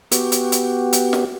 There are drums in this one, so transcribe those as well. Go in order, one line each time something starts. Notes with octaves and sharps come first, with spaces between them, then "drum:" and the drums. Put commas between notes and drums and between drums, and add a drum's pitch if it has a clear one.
B3 F#4 G4, drum: hi-hat
drum: hi-hat
drum: hi-hat
drum: hi-hat
drum: snare